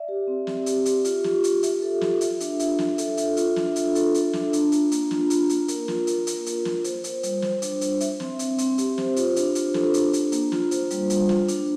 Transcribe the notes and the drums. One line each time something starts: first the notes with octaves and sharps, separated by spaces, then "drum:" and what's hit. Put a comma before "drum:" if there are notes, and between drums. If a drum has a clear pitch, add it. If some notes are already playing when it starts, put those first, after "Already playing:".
Already playing: D5 E5
G4
C4
C4, drum: snare
G4, drum: hi-hat
G4, drum: hi-hat
F4, drum: hi-hat
F4, drum: snare
F4, drum: hi-hat
E5, drum: hi-hat
A4
F4, drum: snare
E5, drum: hi-hat
D4, drum: hi-hat
E5, drum: hi-hat
E5, drum: snare
A4, drum: hi-hat
E5, drum: hi-hat
F4, drum: hi-hat
D4, drum: snare
F4, drum: hi-hat
A4, drum: hi-hat
A4, drum: hi-hat
D4, drum: snare
D4, drum: hi-hat
F4, drum: hi-hat
A#3, drum: hi-hat
F4, drum: snare
F4, drum: hi-hat
A#3, drum: hi-hat
A#4, drum: hi-hat
F4, drum: snare
A#4, drum: hi-hat
A#4, drum: hi-hat
A#4, drum: hi-hat
F4, drum: snare
C5, drum: hi-hat
C5, drum: hi-hat
G3, drum: hi-hat
C5, drum: snare
D4, drum: hi-hat
C5, drum: hi-hat
E5, drum: hi-hat
C4, drum: snare
C4, drum: hi-hat
C4, drum: hi-hat
G4, drum: hi-hat
C5, drum: snare
F4, drum: hi-hat
D4, drum: hi-hat
F4, drum: hi-hat
A4, drum: snare
D4, drum: hi-hat
D4, drum: hi-hat
A#3, drum: hi-hat
F4, drum: snare
C5, drum: hi-hat
G3, drum: hi-hat
G3, drum: hi-hat
F4, drum: snare
D4, drum: hi-hat